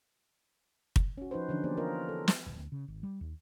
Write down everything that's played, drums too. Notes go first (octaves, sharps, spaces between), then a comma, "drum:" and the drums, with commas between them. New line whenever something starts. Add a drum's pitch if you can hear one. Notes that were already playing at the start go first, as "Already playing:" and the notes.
drum: kick
C#4 F#4
F3 D#4 B4 C5
D3 E3 F3 C#4 D4
A#3 B3 G4 C5 D5
F4 A#4 B4 C#5 D#5
A4
drum: snare
D1
D2
C#3
G#1
G3
D#2